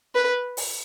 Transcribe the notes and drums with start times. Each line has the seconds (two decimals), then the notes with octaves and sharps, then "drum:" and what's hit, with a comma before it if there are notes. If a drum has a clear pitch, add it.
0.15 B4
0.57 drum: open hi-hat